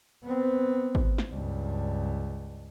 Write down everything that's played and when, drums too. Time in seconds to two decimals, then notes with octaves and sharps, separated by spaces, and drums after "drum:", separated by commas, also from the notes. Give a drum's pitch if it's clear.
0.24 B3 C4
0.95 drum: kick
1.18 drum: snare
1.31 C#2 G2